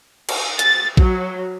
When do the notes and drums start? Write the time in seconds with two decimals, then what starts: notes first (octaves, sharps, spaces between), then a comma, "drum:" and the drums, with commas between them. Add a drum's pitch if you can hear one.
0.29 drum: cymbal
0.59 A6, drum: hi-hat
0.97 F#3, drum: kick A#1